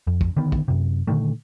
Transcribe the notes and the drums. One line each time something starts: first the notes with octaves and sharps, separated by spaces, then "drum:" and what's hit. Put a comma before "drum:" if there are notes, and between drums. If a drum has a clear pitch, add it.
F2
drum: kick
D3 D#3 B3
drum: kick
F#2 C3
A#2 D3 D#3 A3